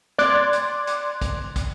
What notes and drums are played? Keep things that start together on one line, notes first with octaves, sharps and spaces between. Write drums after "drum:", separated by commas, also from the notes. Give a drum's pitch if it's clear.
D5 C6 D6 F#6 G#6, drum: snare
drum: hi-hat
drum: hi-hat
drum: kick, hi-hat
drum: kick, hi-hat